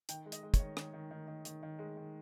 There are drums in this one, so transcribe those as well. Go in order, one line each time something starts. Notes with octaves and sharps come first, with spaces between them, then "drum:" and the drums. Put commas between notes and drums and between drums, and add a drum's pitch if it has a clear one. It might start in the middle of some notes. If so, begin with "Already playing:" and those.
D#3 G5, drum: hi-hat
G#3
D#5, drum: hi-hat
G#3
C#5, drum: kick, hi-hat
D#3
D#3, drum: rim click
D#3
D#3
D#3
D#3, drum: hi-hat
D#3
G#3
D#3